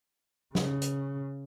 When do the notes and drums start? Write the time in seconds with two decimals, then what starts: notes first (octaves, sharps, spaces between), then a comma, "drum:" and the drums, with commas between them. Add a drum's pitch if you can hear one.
0.55 C#3, drum: snare
0.82 drum: hi-hat